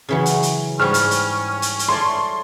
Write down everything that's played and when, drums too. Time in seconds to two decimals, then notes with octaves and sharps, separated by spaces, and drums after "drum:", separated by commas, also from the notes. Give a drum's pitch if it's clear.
0.09 C#3 E3 F#3
0.26 drum: hi-hat
0.43 drum: hi-hat
0.80 G#2 G3 C#4 F6
0.94 drum: hi-hat
1.11 drum: hi-hat
1.62 drum: hi-hat
1.79 drum: hi-hat
1.89 A3 C#5 D5 C6